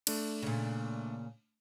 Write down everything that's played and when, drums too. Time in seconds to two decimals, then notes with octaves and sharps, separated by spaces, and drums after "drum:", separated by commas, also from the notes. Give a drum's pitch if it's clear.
0.07 A3 D4, drum: cymbal
0.43 A#2 C#3